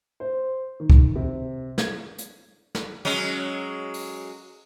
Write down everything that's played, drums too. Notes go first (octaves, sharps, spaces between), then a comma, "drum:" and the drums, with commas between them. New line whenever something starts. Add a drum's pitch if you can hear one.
C5
D#3
drum: kick C2
C3
G#6, drum: snare
drum: hi-hat
drum: snare
F#3 G#3 C#4
drum: open hi-hat